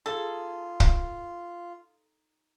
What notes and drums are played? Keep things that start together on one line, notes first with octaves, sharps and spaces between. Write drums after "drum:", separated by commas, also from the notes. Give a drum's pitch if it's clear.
D#4 F4 G#4 A4
drum: kick